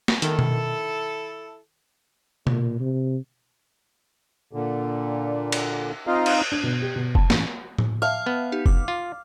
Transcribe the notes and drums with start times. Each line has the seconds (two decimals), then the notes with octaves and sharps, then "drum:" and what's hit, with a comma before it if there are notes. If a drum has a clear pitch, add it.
0.08 drum: snare
0.22 D#3 E4 A4, drum: hi-hat
0.39 drum: tom B2
2.47 A#2, drum: tom B2
2.80 C3
4.53 A#2 D3
5.52 drum: cymbal
6.07 C4 D#4 F4 D#5 F5
6.26 drum: cymbal
6.52 D4
6.63 B2
6.82 G4
6.96 B2
7.15 A5, drum: kick F1
7.30 A1, drum: snare
7.79 drum: tom A2
8.02 E5 F5 A5
8.26 B3
8.52 D#4 G4
8.66 D6, drum: kick F1
8.88 F4